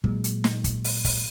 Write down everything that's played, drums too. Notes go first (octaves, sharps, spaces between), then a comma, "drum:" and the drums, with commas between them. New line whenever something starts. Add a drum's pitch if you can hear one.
A#2 F#3 G#3, drum: kick
drum: hi-hat
drum: snare
drum: kick, hi-hat
drum: open hi-hat
drum: kick, open hi-hat